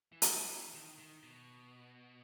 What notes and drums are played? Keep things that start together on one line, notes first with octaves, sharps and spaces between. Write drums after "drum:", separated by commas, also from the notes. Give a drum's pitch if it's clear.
E3
drum: hi-hat
E3
D#3
D#3
B2